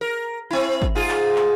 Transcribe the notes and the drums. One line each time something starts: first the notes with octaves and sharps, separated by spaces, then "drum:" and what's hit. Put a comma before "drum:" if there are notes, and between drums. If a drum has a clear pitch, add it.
A#4
C4 E4
drum: kick
G#2 F4 G#4
drum: clap
drum: clap